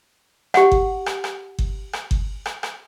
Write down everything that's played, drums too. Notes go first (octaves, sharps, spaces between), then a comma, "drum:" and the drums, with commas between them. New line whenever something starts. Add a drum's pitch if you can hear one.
G4 F#5, drum: rim click
drum: kick G1
drum: rim click
drum: rim click
drum: kick G1
drum: rim click
drum: kick G1
drum: rim click
drum: rim click